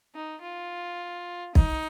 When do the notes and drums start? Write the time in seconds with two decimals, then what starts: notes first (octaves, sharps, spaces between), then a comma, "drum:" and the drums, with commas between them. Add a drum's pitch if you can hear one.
0.15 D#4
0.42 F4
1.55 D#4, drum: kick